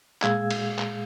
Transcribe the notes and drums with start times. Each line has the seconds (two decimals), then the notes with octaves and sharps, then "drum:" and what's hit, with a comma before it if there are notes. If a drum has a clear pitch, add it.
0.22 A#2 G#3 G#4 F5 E6 G#6, drum: clap
0.50 drum: cymbal
0.79 drum: clap